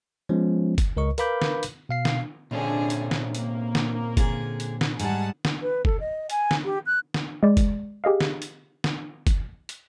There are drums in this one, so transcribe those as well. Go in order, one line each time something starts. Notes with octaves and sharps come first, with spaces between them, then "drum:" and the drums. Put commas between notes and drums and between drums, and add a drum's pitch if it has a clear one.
F3 G#3 B3 C#4
drum: kick F#1, hi-hat
C#2 A#4 D#5 C#6
A#4 B4 F5 B5 D6 G6, drum: hi-hat
drum: snare
drum: hi-hat
B2 F5 C7
drum: snare
A#2 D3 C4 C#4 D#4 G#4
drum: hi-hat
drum: snare
A#3, drum: hi-hat
drum: snare
D3 G#4, drum: kick F#1, hi-hat
drum: hi-hat
drum: snare
G#2 G3 G#4 F#5 A5, drum: hi-hat
drum: snare
B4
A4, drum: kick F#1
D#5
G#5, drum: hi-hat
drum: snare
G4
F#6
drum: snare
G#3 D5
drum: kick F#1, hi-hat
G4 G#4 D#5 F5
drum: snare
drum: hi-hat
drum: snare
drum: kick F#1, hi-hat
drum: hi-hat